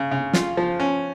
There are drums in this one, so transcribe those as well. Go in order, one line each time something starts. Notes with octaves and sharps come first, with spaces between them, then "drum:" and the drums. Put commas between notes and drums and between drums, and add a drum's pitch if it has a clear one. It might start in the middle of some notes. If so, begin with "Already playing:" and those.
Already playing: C#3
C#3
F4, drum: snare
F3
C#4